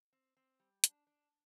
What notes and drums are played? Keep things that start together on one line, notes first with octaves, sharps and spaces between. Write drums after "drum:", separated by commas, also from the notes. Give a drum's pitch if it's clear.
C4
C4
G3
D4, drum: hi-hat
D4